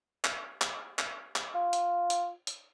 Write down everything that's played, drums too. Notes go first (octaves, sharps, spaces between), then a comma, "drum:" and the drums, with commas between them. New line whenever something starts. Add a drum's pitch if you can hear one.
drum: clap
drum: clap
drum: clap
drum: clap
F4
drum: hi-hat
drum: hi-hat
drum: hi-hat